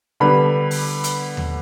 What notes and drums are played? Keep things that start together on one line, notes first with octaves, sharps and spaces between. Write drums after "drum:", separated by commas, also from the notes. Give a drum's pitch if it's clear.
D3 G3 B3 B5
drum: open hi-hat
drum: hi-hat
drum: tom D#2